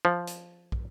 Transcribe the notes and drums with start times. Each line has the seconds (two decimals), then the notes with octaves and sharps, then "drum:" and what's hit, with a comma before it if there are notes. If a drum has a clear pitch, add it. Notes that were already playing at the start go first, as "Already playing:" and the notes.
0.05 F3
0.27 drum: hi-hat
0.72 drum: kick